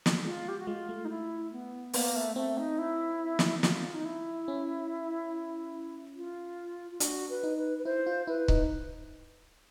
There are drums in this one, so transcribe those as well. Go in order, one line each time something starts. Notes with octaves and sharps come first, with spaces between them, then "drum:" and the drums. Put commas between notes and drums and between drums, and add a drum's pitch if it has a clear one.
drum: snare
G#3 F4
G4
F#4
G#3 F4
A3
D#4
E4
B3
A#3 B3, drum: open hi-hat
A3
A3 C4
D#4
E4
drum: snare
F4, drum: snare
D#4
E4
C#4
F4
F4
D4 F#4, drum: hi-hat
B4
D#4
B4
B4
E4 C5
F4
E4 B4
D#4, drum: kick C#1